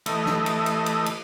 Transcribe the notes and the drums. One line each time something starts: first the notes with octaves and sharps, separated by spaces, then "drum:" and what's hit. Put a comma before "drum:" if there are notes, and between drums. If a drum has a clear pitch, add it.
E3 A3 D#5, drum: cymbal
drum: snare
drum: cymbal
drum: cymbal
drum: cymbal
drum: cymbal